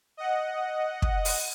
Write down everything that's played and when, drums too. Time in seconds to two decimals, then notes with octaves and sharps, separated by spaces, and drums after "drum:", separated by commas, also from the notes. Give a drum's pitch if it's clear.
0.17 D#5 F#5
1.02 drum: kick
1.25 drum: open hi-hat